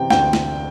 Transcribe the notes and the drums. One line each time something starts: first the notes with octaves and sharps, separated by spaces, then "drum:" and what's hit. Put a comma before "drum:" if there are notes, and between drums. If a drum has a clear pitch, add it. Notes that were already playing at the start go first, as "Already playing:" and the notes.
Already playing: C3 E3 G5
D2 G5, drum: snare
drum: snare